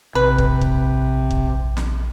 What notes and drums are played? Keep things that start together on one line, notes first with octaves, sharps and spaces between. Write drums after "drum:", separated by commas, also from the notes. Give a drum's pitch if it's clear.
A#1 C3 B4
drum: kick
drum: kick
drum: kick
drum: snare